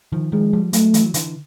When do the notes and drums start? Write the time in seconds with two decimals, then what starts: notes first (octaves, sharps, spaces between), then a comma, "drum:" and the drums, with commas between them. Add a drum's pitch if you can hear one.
0.12 D#3 F3
0.32 D#3 F3 G#3
0.53 F3 G3
0.73 F#3 G#3 A3, drum: hi-hat
0.94 E3 F#3, drum: hi-hat
1.14 D3 E3, drum: hi-hat